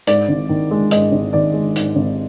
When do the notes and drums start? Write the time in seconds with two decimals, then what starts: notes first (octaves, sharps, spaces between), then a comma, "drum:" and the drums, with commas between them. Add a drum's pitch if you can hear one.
0.07 G#2 D5, drum: hi-hat
0.29 G#1
0.49 D#3
0.71 G#3
0.91 G#2 D#5, drum: hi-hat
1.12 G#1
1.33 D#3 D5
1.54 G#3
1.76 G#2, drum: hi-hat
1.96 G#1